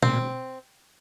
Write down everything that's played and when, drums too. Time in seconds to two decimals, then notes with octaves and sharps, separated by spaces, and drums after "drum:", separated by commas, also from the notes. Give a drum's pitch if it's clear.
0.03 A#2 C4, drum: tom B2